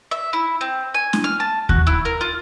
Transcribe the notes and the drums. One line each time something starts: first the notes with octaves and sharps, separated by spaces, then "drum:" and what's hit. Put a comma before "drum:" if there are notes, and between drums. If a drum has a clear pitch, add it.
E5
E4
C4
G#5
drum: snare
F6
A5
F#4, drum: kick D#2
E4
A#4
F4